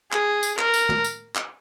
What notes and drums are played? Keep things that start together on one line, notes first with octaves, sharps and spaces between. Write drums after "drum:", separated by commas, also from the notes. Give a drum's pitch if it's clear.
G#4, drum: clap
drum: tambourine
A#4, drum: clap
drum: tambourine
drum: tom
drum: tambourine
drum: clap